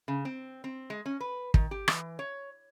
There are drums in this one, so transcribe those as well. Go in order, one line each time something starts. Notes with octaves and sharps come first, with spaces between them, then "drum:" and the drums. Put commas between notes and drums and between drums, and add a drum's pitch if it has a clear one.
C#3
C4
C4
G#3
C#4
B4
D#3, drum: kick
G4
E3, drum: rim click
C#5